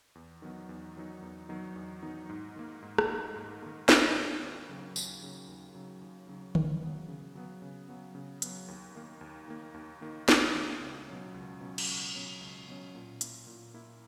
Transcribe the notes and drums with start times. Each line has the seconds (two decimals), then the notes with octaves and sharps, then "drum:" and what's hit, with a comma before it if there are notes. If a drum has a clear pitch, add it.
0.15 E2
0.42 D#3 F#3 B3 D#4
0.69 E2
0.96 D#3 F#3 B3 D#4
1.22 E2
1.49 D#3 F#3 B3 D#4
1.76 E2
2.02 D#3 F#3 B3 D#4
2.29 G#2
2.56 D#3 A#3
2.82 G#2
2.98 drum: rim click
3.09 D#3 A#3
3.36 G#2
3.62 D#3 A#3
3.89 G#2, drum: snare
4.15 D#3 A#3
4.42 D#2
4.69 C#3 F#3
4.96 D#2, drum: tambourine
5.23 C#3 F#3
5.48 D#2
5.75 C#3 F#3
6.01 D#2
6.29 C#3 F#3
6.55 C#3, drum: tom D3
6.82 F#3 B3
7.09 C#3
7.35 F#3 B3
7.62 C#3
7.88 F#3 B3
8.15 C#3
8.42 F#3 B3, drum: hi-hat
8.68 D#2
8.95 D#3 A#3
9.21 D#2
9.48 D#3 A#3
9.74 D#2
10.01 D#3 A#3
10.28 D#2, drum: snare
10.55 D#3 A#3
10.81 C#2
11.08 B2 F#3 C#4
11.34 C#2
11.61 B2 F#3 C#4
11.78 drum: cymbal
11.88 C#2
12.14 B2 F#3 C#4
12.41 C#2
12.68 B2 F#3 C#4
12.95 A#2
13.21 A#3 E4, drum: hi-hat
13.47 A#2
13.74 A#3 E4